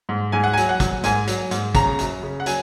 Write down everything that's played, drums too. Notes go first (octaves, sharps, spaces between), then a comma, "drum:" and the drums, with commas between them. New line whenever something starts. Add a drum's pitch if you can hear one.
G#2
G#2 G#5
F#5
G#5
F#3, drum: hi-hat
F#5
F#3, drum: kick, hi-hat
G#2 G#5, drum: hi-hat
F#3, drum: hi-hat
G#2, drum: hi-hat
C#3 A#5, drum: kick, hi-hat
F#2, drum: hi-hat
C#3
F#5
F#3 G#5, drum: hi-hat